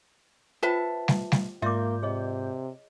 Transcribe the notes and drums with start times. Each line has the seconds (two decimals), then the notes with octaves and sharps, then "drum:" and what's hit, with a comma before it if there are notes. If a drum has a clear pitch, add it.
0.63 F4 B4 C5 E5 G5 A5
1.08 drum: snare G3
1.32 drum: snare G3
1.62 G#2 A#3 F4 D5 E5 D6 G6
2.03 C3 G#4 C#5 D#5